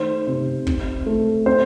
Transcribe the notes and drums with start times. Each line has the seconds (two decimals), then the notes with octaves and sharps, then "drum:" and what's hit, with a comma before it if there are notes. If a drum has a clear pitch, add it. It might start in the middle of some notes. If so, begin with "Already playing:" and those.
Already playing: D#3 A3 C5
0.27 C3
0.67 C4, drum: kick
1.06 A3
1.46 C4 C5